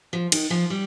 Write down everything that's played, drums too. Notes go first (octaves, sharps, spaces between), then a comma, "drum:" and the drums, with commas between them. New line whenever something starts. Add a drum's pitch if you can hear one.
F3
D#3, drum: cymbal
F3
G3